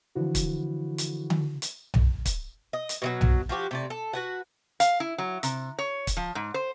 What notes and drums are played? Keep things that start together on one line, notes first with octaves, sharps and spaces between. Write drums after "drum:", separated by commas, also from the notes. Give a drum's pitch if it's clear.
D3 E3 F3 E4 F#4
drum: kick, hi-hat
drum: hi-hat
drum: tom D3
drum: hi-hat
drum: tom B1
drum: kick, hi-hat
D#5
drum: hi-hat
B2 E3 F#3
drum: tom B1
F3 F#4 G4
C3 A3 D5
A4
F#4 B4 F#5
F5, drum: hi-hat
E4
F#3
C3, drum: hi-hat
C#5
drum: kick, hi-hat
F3
G#2
C5